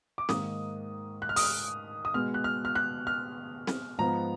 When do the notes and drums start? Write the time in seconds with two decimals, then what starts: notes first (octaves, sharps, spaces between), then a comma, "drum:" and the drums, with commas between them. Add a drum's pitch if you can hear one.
0.18 D6
0.29 G#2 D#3 A#3 D#6, drum: snare C4
1.22 F#6
1.29 F6
1.36 D#6, drum: open hi-hat
1.43 F6
2.05 D#6
2.14 B2 G#3 B3 F6
2.34 F#6
2.44 F6
2.65 F6
2.75 F#6
3.07 F6
3.67 drum: snare C4
3.98 G#2 F3 B3 A#5